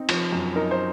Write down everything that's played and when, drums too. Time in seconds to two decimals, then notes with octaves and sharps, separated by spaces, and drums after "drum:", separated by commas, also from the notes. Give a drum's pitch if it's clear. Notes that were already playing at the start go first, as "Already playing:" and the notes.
Already playing: C4 D#4
0.09 F3, drum: cymbal
0.32 F#2
0.56 D#4 A#4
0.71 C5